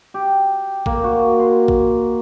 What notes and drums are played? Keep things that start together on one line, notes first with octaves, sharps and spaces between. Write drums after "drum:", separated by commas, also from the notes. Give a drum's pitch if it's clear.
G4
A#3, drum: kick
F#4
C6
drum: kick